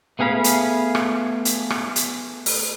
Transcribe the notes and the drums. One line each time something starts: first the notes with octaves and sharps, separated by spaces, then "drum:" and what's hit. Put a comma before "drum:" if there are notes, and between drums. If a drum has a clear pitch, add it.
A3 B3 G#4 F5 B5
drum: hi-hat
drum: rim click
drum: hi-hat
drum: rim click
drum: hi-hat
drum: open hi-hat